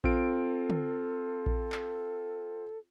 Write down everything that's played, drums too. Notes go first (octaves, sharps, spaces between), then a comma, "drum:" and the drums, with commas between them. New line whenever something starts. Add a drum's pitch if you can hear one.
C4 F4 A4 D7, drum: kick A#1
drum: tom
drum: kick A#1
drum: clap